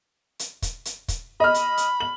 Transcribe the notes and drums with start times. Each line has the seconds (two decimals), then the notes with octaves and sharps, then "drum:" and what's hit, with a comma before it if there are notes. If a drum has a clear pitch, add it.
0.39 drum: hi-hat
0.62 drum: kick, hi-hat
0.85 drum: hi-hat
1.08 drum: kick, hi-hat
1.40 D#5 B5 F6
1.54 drum: hi-hat
1.77 drum: hi-hat
2.00 F#7